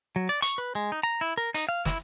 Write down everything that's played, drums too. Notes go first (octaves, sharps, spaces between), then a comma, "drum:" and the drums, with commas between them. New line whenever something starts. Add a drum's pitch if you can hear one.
F#3
D5
C#6, drum: hi-hat
B4
G#3
D#4
A#5
E4
A#4
D#4, drum: hi-hat
F5
E4, drum: snare